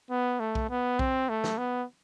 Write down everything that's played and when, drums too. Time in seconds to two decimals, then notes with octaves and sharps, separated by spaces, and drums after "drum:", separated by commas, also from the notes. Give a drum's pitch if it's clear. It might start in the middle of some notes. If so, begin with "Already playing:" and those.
0.11 B3
0.40 A3
0.55 drum: kick B1
0.70 B3
0.99 C4, drum: kick B1
1.29 A3
1.44 drum: snare
1.58 B3